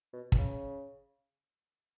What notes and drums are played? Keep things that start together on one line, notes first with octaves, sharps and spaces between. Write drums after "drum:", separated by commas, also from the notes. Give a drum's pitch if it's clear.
B2
B2, drum: kick
C#3